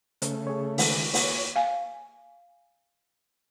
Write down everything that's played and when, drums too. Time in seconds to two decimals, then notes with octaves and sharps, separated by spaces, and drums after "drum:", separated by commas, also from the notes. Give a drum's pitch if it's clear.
0.22 C#3 A3, drum: hi-hat
0.47 G#4 C#5
0.78 D#3 G#3, drum: open hi-hat
1.14 A#3 C#5, drum: open hi-hat
1.56 F5 G#5